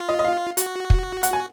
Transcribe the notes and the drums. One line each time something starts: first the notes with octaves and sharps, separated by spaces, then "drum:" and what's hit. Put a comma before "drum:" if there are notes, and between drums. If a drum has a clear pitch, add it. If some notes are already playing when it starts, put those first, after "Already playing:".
Already playing: F4
D#5
D#5
F5
F#4, drum: hi-hat
drum: kick
F#5, drum: hi-hat
G#5